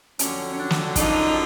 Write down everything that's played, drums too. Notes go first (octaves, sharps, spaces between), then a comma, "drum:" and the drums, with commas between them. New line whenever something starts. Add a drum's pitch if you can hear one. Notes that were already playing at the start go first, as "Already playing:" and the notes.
F2 D3 F#3 C#4, drum: hi-hat
C#4
D4
drum: snare
F#2 D3 F3 D#4, drum: kick, hi-hat